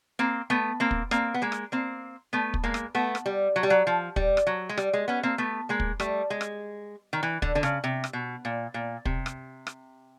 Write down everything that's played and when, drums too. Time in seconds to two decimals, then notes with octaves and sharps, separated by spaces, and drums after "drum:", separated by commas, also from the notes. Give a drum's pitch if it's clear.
0.19 A#3 C4
0.50 A3 B3
0.80 A#3 C4
0.91 drum: kick
1.11 A#3 C4, drum: rim click
1.34 B3
1.42 G#3 A#3
1.52 drum: rim click
1.72 A#3 C4
2.33 A3 B3
2.54 drum: kick
2.64 G#3 A#3
2.74 drum: rim click
2.95 A3 B3
3.15 drum: rim click
3.26 G3
3.56 F#3
3.63 G3
3.70 F#3
3.87 F3
4.16 G3, drum: kick
4.37 drum: rim click
4.47 F#3
4.69 G#3
4.78 G3, drum: rim click
4.93 G#3
5.08 B3 C#4
5.23 A#3 C4
5.38 A3 B3
5.69 G#3 A#3
5.80 drum: kick
6.00 G3 A3, drum: rim click
6.30 G#3
6.41 drum: rim click
7.13 D#3
7.23 E3
7.42 D3, drum: kick
7.55 D3
7.63 C#3, drum: rim click
7.84 C3
8.04 drum: rim click
8.13 B2
8.45 A#2
8.74 A#2
9.05 C3, drum: kick
9.26 drum: rim click
9.67 drum: rim click